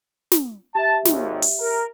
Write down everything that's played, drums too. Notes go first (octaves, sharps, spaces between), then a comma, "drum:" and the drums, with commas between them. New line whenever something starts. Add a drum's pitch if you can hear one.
drum: snare
G4 E5 A5
G#1 D#2, drum: snare
drum: open hi-hat
A#4